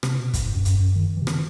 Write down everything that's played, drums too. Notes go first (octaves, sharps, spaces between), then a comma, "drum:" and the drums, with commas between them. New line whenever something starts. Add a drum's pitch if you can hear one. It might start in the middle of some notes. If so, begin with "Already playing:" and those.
C3, drum: rim click
B2
A2, drum: kick, hi-hat
G2
F#2
F#2, drum: hi-hat
F#2
D#3
E3
C3
D#3, drum: rim click